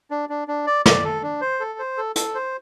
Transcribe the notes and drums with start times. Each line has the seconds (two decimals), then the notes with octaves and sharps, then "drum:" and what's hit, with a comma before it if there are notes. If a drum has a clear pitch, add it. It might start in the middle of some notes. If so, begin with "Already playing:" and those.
0.11 D4
0.29 D4
0.48 D4
0.67 D5
0.86 D5, drum: snare
1.04 A4
1.23 D4
1.41 C5
1.60 A4
1.79 C5
1.97 A4
2.16 A4, drum: hi-hat
2.35 C5